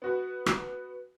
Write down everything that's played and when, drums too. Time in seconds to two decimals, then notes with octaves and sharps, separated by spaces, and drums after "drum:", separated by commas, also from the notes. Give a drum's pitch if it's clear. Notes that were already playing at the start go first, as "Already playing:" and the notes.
0.02 B3 F#4 B4
0.46 drum: rim click